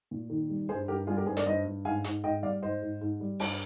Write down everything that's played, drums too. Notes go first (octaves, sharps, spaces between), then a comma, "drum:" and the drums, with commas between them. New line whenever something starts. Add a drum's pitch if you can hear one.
A#2
D#3
G3
G2 G#4 C5
G2 G4 A#4
G3 F4 G#4
G4 A#4
G2 G#4 C5
A#4 D5, drum: hi-hat
G2 C5 D#5
G2
G#2 F5 G#5
G#2, drum: hi-hat
G#2 D#5 G5
G3 D5 F5
G#2 C5 D#5
G#2
G#2
G3
G2, drum: open hi-hat